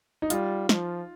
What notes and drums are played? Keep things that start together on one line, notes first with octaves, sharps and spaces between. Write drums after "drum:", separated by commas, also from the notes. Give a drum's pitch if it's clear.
D#4
G3 F4, drum: hi-hat
F3, drum: snare